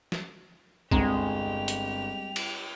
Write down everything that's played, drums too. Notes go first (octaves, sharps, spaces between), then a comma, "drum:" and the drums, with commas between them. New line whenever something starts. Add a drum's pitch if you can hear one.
drum: snare
G1 G3 G#3 C4 G4 A#5 E7 F7, drum: kick B1
drum: hi-hat
drum: cymbal